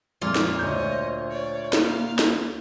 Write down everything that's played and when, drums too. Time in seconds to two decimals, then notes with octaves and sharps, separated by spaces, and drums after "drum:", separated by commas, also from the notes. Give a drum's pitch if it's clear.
0.22 F2 A#2 G#3 F4
0.35 drum: snare
0.59 D2 C5 C#5 D#5 G6
1.30 C#5 D5
1.73 A#3 F5, drum: snare
2.19 drum: snare